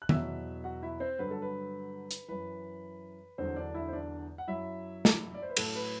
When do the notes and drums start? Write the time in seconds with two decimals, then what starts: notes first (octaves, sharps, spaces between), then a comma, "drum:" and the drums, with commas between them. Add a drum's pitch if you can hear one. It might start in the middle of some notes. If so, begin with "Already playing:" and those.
0.02 F#6
0.09 E2 B2 F#3 E5 E6, drum: tom D#3
0.64 F#4 F#5
0.83 E4 E5
1.00 C4 C5
1.19 G2 D3 F#3 B4
1.31 A4
1.42 B4
2.11 drum: hi-hat
2.28 F#2 E3 B4
3.38 E2 D3 F#3 C4 C5
3.56 D4 D5
3.74 E4 E5
3.88 C5
3.93 D4 D5
4.38 F#5
4.47 F#2 F#3 E4 E5
5.05 drum: snare
5.34 D5
5.42 C5
5.50 B4
5.57 A2 F#3 A4, drum: cymbal
5.75 B4